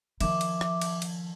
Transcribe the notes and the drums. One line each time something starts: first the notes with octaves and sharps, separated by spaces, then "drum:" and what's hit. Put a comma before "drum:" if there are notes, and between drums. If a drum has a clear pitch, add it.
D#3 F3 E5 D6, drum: cymbal
drum: cymbal
drum: rim click
drum: cymbal
drum: cymbal